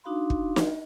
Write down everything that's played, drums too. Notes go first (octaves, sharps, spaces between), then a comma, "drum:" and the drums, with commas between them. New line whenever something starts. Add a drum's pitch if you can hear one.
D4 D#4 F#4 F5 B5 C6
drum: kick
drum: snare